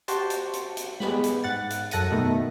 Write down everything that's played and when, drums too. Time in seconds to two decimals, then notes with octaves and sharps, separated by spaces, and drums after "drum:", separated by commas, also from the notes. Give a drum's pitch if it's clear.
0.08 F#4 G4 C5 A5, drum: hi-hat
0.30 drum: hi-hat
0.53 drum: hi-hat
0.77 drum: hi-hat
1.00 G#3 B3 G4 B5, drum: snare
1.24 drum: hi-hat
1.44 G#2 F#5 A6
1.70 drum: hi-hat
1.91 F#2 A4 F#5 A#6 C#7 D#7, drum: hi-hat
2.11 B2 D#3 A3 B3